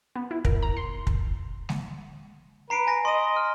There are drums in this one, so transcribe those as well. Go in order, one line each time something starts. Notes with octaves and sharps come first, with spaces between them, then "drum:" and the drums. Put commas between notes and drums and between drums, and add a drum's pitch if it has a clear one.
B3
E4
A#4, drum: kick
A#5
C6
drum: kick
drum: snare G#3
B4 A#5 C7 D7
G#5 A#6
D#5 C6 D#7
F6